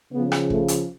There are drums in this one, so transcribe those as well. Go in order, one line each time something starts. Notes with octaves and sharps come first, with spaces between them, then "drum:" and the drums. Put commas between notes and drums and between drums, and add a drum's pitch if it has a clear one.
C#3 F3 B3
drum: rim click
A3, drum: kick
drum: hi-hat